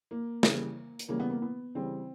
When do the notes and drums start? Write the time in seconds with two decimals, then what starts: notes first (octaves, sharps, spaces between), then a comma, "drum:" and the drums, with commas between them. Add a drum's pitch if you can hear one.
0.11 A#3
0.43 C#3 E3 G3, drum: snare
0.99 drum: hi-hat
1.09 C#3 E3 G3 A#3
1.20 B3
1.30 A#3
1.42 B3
1.75 C#3 E3 G3 C4